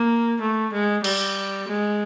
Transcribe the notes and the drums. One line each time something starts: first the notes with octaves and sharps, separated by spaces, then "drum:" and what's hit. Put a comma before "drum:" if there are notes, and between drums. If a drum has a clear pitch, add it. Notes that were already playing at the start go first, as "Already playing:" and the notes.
Already playing: A#3
A3
G#3
G3, drum: cymbal
G#3